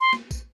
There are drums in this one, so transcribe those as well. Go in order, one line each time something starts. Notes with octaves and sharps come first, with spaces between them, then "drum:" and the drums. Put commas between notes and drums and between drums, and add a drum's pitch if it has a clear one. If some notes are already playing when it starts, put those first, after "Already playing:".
C6
drum: snare
drum: kick, tambourine